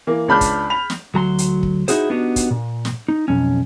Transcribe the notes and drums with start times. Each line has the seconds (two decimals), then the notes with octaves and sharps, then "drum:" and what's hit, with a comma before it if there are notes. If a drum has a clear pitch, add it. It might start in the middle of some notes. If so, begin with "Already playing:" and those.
0.07 E3 A#3
0.28 C#2 D4 B5 F6 G6
0.41 drum: kick, hi-hat
0.70 B5 F7
0.90 drum: snare
1.14 D2 F#3 A#5 C6
1.38 drum: hi-hat
1.63 drum: kick
1.88 D#4 E4 F#4 G#4 C5, drum: hi-hat
2.10 B3 D4 D#4 F#4 G4
2.36 drum: kick, hi-hat
2.51 A#2
2.85 drum: snare
3.08 D#4
3.28 B1 F2 C#4